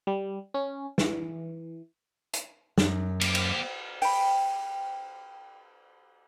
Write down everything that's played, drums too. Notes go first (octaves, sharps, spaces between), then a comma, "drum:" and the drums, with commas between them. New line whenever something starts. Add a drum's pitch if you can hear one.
G3
C#4
E3, drum: snare
drum: hi-hat
F#2, drum: snare
A#3 G4, drum: cymbal
drum: cymbal
G5 B5, drum: open hi-hat